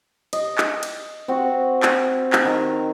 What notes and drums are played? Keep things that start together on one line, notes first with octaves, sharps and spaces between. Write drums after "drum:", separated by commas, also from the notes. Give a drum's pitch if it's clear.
D#5, drum: cymbal
drum: clap
drum: cymbal
C4 F#4
drum: clap
drum: clap
D#3 A#5